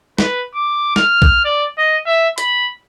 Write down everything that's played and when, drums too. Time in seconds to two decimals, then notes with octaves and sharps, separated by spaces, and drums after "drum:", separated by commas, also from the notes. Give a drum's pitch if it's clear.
0.18 B4, drum: snare
0.55 D6
0.96 F6, drum: snare
1.22 drum: kick
1.45 D5
1.78 D#5
2.06 E5
2.38 B5, drum: hi-hat